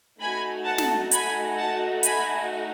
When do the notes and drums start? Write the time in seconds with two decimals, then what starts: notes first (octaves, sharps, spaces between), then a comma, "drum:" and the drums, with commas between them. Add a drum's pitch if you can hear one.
0.19 A3 D#4 F#4 G#5 B5
0.66 F#5 A5
0.78 drum: snare
1.12 G#5 B5, drum: hi-hat
1.57 F#5 A5
2.03 G#5 B5, drum: hi-hat